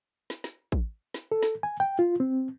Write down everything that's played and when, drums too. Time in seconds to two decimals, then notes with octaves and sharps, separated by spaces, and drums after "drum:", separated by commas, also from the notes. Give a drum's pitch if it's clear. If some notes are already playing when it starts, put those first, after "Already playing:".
0.30 drum: snare
0.44 drum: snare
0.72 drum: kick
1.14 drum: snare
1.32 A4
1.43 drum: snare
1.63 G#5
1.80 G5
1.99 F4
2.20 C4